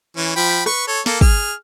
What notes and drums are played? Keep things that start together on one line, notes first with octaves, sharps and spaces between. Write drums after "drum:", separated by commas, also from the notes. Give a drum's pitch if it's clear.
E3 C#4
F3 G5 B5
B4 C#6, drum: rim click
A4 C#5
A#3 A4, drum: snare
G#4 F6, drum: kick